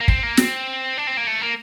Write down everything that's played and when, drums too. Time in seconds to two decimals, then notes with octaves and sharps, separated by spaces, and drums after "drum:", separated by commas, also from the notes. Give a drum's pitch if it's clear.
0.01 A#3
0.08 C4, drum: kick
0.23 A#3
0.37 C4, drum: snare
0.98 D4
1.07 C4
1.17 A#3
1.27 A3
1.42 A#3